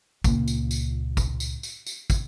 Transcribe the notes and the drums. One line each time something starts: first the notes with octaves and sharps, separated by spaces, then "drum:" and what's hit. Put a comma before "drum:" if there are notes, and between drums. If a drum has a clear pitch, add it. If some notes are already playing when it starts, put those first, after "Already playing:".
C#2 A#2, drum: kick, tambourine
drum: tambourine
drum: tambourine
drum: kick, tambourine
drum: tambourine
drum: tambourine
drum: tambourine
drum: kick, tambourine